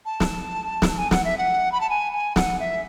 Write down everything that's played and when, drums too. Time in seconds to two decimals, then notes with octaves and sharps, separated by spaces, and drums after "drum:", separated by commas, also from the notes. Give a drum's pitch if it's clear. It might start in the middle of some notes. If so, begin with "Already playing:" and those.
0.05 A5
0.20 drum: snare
0.82 drum: snare
0.97 G#5
1.11 F#5, drum: snare
1.24 E5
1.38 F#5
1.72 B5
1.81 A5
1.89 G#5
2.13 G#5
2.36 F#5, drum: snare
2.60 E5